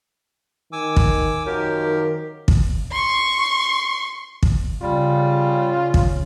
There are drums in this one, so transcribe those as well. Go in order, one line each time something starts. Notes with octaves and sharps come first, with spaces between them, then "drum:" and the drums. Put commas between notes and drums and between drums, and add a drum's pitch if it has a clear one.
D#3 G#5 D6 E6
drum: kick
F#2 D#3 F3 G4 A#4
drum: kick
C6 C#6
drum: kick
C#3 G3 F4
drum: kick